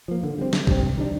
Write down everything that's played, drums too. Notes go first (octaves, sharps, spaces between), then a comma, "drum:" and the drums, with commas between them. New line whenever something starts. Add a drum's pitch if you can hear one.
F3 A#3
D3
G3 C4
D3, drum: snare
G3 C4, drum: kick B1
C3
D#3 G3 D4